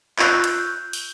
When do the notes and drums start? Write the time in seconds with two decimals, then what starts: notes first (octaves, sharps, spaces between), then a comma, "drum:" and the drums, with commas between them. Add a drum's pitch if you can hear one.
0.19 F4 C#6 E6 F#6 G6, drum: clap
0.44 drum: hi-hat
0.59 G6
0.93 drum: open hi-hat